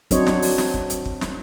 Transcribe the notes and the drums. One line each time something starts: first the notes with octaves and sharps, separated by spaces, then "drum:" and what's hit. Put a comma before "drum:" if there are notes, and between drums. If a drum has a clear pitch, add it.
F#3 C4 D4 C5 C#5 D#5, drum: kick, hi-hat
drum: snare
drum: open hi-hat
drum: snare
drum: kick
drum: hi-hat
drum: kick
drum: snare